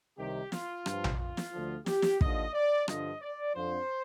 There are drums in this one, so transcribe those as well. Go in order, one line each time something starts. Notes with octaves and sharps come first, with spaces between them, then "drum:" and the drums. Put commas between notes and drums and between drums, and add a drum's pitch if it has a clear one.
C2 C3 D#3 G4
F4, drum: snare
G2 F3, drum: rim click
drum: tom A#1
F4
drum: snare
D2 D3 F3
G4, drum: snare
drum: snare
D#2 D3 F3 D#5, drum: kick
D5
G2 D3 F3 D#5, drum: rim click
D5
F2 D3 F3 C5